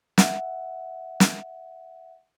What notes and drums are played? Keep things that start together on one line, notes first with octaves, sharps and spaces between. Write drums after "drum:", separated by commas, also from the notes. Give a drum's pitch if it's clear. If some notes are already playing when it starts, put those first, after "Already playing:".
E5 F#5, drum: snare
drum: snare